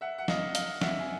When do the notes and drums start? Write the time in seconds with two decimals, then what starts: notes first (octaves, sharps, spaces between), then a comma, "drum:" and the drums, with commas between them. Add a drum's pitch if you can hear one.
0.01 E5 F#5
0.18 F#5
0.28 D#5 F5, drum: snare
0.55 D#5 F5, drum: hi-hat
0.81 E5 F#5, drum: snare
0.99 G#5